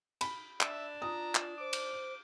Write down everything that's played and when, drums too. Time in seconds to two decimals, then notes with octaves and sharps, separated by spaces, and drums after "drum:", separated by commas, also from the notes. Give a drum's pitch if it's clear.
0.21 B5, drum: cymbal
0.61 D4 E5, drum: clap
1.02 F4 A#5 D#6
1.35 drum: clap
1.60 C5 D6
1.73 drum: cymbal